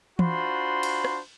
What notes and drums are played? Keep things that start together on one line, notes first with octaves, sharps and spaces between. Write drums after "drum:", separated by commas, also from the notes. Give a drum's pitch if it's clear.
D4 F4 F#4 C5 B5 C6, drum: tom E3
drum: cymbal
drum: rim click